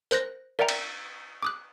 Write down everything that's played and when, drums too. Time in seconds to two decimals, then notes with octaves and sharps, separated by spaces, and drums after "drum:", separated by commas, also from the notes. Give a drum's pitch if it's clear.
0.11 A#4 C5 F#6 A#6, drum: tambourine
0.59 A#4 D5 E5 F#5 G5 A#5
0.69 drum: cymbal
1.43 D6 D#6 F#6